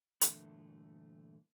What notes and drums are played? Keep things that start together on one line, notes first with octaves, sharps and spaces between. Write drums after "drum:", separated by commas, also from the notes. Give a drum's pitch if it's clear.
G2 A#2 D3 E3 A3, drum: hi-hat